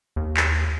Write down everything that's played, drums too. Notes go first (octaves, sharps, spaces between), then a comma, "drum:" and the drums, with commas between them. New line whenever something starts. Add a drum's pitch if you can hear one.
D#2
drum: clap